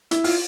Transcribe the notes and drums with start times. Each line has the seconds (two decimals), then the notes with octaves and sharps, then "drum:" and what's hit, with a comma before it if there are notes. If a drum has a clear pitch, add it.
0.11 E4, drum: hi-hat
0.24 F4, drum: open hi-hat